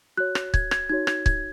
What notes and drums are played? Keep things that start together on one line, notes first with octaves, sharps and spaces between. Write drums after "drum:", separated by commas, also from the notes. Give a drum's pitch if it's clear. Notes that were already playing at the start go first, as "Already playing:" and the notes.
F#4 C#5 F#6
drum: rim click
G#6, drum: kick C#1
G#6, drum: rim click
D#4 F#4 C#5 G#6
G#6, drum: rim click
G#6, drum: kick C#1